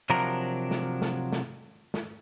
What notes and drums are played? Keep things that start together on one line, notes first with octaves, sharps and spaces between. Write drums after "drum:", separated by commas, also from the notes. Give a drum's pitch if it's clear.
C3 F3 F#3 D4 A#4 A#5
drum: snare
drum: snare
drum: snare
drum: snare